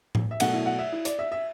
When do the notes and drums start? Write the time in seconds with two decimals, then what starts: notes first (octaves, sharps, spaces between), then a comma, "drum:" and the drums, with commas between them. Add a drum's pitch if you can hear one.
0.15 drum: tom A2
0.31 E5
0.40 B2 F#3 A3 F#5, drum: cymbal
0.53 E4
0.66 F#5
0.79 E5
0.92 E4
1.05 D5, drum: hi-hat
1.19 E5
1.32 E5